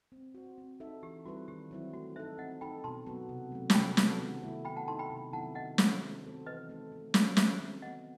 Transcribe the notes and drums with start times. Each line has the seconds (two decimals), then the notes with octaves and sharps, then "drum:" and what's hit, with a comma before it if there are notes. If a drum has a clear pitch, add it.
0.12 C4
0.34 F#4 C5
0.58 C4
0.80 D#4 A4 E5
1.03 E3 G4
1.25 G3 C4 E4 F#4 B4
1.48 D#3 G4
1.71 F#3 C4 E4
1.93 A3 F#4
2.16 D#4 A4 C5 E5
2.38 C4 D#5 F#5
2.61 D#4 A4 G5 B5
2.84 B2 A5 C6
3.06 F#3 B3 F#4
3.29 C3
3.52 F#3 A3
3.70 A5, drum: snare
3.74 C3 G5 B5
3.97 F#3 B3 F#4 A4, drum: snare
4.20 D#3
4.43 A3 E4
4.65 A3 G5 B5
4.77 F#5 A5
4.87 D#4 A4 A5 C6
4.99 G5 B5
5.10 C3
5.33 D#3 F#3 B3 E4 F#5 A5
5.55 D#3 D#5 F#5
5.78 A3 C4 F#4 C5, drum: snare
6.01 F#3
6.24 C4 F#4 A4 C5
6.46 E3 B4 D#5
6.69 A3 D#4 A4
6.92 A3
7.14 C4 F#4, drum: snare
7.37 D#3 C5 E5, drum: snare
7.59 F#3 C4
7.82 B3 D#5 F#5